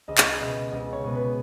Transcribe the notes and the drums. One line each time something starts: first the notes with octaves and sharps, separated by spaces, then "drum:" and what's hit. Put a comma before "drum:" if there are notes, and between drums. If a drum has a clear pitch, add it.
C#2 D#5
drum: clap
B2 G#3 B3 D#5
C#2 D#5
C#5
B2 G#3 B3
B4